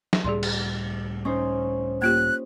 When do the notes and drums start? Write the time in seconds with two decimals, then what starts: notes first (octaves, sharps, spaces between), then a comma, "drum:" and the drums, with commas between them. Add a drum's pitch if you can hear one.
0.13 drum: snare
0.24 C#2 A2 G3 G#4 D5 C6
0.43 drum: cymbal
1.25 C#4 D#4 C5
2.02 A#3 F4 G4 F#6